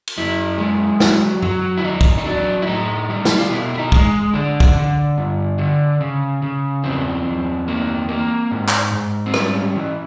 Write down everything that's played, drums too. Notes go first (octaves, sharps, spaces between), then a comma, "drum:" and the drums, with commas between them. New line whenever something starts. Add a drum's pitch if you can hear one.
drum: cymbal
F#2 E4
G#3
F#3, drum: snare
F#3, drum: tom F#2
E4
E2 D#4
drum: kick
D#4
F#3 D4
E4
A2 D#4
G3
drum: snare
F4
B2 E4
E4
D#4
G#3, drum: kick
D3 D4
drum: kick
D3
G2
D3
C#3
C#3
E2 C4
E2
A#3
A#3
G#2
drum: clap
G#2
C4
G3 C#4, drum: rim click
E3